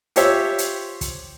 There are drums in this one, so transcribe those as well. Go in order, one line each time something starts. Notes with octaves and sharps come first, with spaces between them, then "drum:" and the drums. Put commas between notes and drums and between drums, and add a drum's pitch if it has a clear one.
F4 G4 C5 C#5 E5, drum: hi-hat
drum: hi-hat
drum: kick, hi-hat